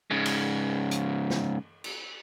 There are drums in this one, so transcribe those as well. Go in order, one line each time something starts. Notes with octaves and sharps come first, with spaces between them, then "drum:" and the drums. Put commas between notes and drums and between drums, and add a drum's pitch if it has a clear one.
G#2 C#3
drum: cymbal
drum: hi-hat
drum: snare
drum: cymbal